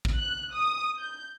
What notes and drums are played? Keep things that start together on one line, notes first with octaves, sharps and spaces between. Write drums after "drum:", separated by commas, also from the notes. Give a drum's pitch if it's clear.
drum: kick
F#6
D#6
G6